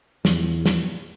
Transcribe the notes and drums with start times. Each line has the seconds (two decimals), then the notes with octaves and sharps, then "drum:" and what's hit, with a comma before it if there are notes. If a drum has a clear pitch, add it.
0.25 E2, drum: snare
0.66 drum: snare